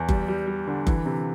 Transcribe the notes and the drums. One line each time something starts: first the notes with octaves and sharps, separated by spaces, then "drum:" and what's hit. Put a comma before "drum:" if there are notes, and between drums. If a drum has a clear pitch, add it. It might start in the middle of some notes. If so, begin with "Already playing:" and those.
Already playing: E2
G3, drum: kick F#1
G3
G3
D3
E3, drum: kick F#1
C3